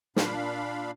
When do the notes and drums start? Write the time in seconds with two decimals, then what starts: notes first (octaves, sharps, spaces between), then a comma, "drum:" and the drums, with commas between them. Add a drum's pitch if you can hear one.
0.16 A#2 D4 F5 B5, drum: snare